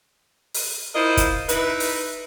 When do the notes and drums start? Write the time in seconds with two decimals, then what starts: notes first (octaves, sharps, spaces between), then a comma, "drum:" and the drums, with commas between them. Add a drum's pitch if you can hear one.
0.54 drum: open hi-hat
0.95 E4 F4 A#4 C5 D#5
1.17 drum: kick, hi-hat
1.49 D#4 E4 B4, drum: hi-hat
1.80 drum: open hi-hat